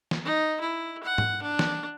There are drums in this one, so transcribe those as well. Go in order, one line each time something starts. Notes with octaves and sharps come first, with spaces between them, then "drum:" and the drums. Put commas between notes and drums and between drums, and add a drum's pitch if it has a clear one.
drum: snare
D#4
E4
F#5
drum: tom
D4
drum: snare